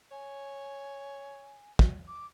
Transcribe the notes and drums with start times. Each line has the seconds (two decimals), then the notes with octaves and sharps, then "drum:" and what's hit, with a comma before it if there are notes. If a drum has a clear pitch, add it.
0.11 C#5 G#5
1.79 drum: kick
2.07 D6